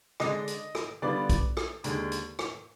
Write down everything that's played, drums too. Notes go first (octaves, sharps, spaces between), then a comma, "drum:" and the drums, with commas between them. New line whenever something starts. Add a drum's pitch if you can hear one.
D3 G#3 D4 D#5 D#6, drum: rim click
drum: hi-hat
drum: rim click
D3 G3 B3 F4 D5 D6
drum: kick, hi-hat
drum: rim click
D#2 D3 G#3, drum: hi-hat
drum: hi-hat
drum: rim click